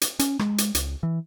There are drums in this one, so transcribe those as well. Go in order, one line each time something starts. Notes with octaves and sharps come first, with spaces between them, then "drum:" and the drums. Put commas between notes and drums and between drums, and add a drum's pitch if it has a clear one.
drum: hi-hat
C#4, drum: hi-hat
G#3, drum: rim click
drum: hi-hat
C#2, drum: hi-hat
E3